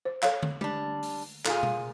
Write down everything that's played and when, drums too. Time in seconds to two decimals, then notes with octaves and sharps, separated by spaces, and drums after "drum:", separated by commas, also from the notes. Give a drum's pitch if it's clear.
0.05 C5
0.22 A4 C#5 F5, drum: clap
0.43 drum: tom
0.61 G3 D4, drum: tom G#3
1.03 drum: open hi-hat
1.45 A#2 F4 G#4 A4, drum: clap
1.63 drum: tom B2